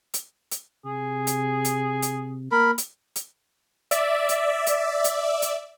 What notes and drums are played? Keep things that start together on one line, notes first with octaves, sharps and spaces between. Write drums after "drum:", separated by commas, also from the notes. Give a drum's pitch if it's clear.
drum: hi-hat
drum: hi-hat
C3 G#4
drum: hi-hat
drum: hi-hat
drum: hi-hat
A#3 A#4 B5
drum: hi-hat
drum: hi-hat
D5 E5, drum: hi-hat
drum: hi-hat
drum: hi-hat
drum: hi-hat
drum: hi-hat